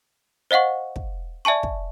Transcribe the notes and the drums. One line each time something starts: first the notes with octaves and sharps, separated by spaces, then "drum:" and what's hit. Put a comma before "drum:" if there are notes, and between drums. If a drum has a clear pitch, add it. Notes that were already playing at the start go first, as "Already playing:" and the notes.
C5 D#5 F5 F#5 C#6
drum: kick
D5 E5 G#5 A5 C#6
drum: kick